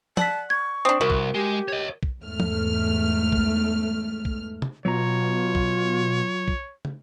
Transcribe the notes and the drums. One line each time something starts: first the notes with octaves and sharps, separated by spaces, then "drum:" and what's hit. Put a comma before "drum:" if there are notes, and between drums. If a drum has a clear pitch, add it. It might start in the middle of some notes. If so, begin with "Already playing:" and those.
D5 F#5 A5 B6, drum: tom
C#6 G#6
C4 D4 D#6
C2 F#4 A#4
drum: kick
G#3 G4
C#5 D#5
drum: kick
E2 G#2 A3 F6
drum: tom
drum: kick
drum: kick
drum: tom
B2 F#3 F4 C#5 A#5
drum: kick
drum: kick
drum: tom